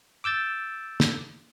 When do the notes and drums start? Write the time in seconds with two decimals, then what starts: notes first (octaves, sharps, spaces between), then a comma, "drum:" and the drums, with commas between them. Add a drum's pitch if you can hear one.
0.24 D6 E6 G6 A6
1.00 drum: snare